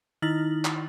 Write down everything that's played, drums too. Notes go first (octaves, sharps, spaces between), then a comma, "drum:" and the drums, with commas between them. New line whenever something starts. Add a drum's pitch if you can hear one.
D#3 D#4 E4 F6 A6 F#7
drum: clap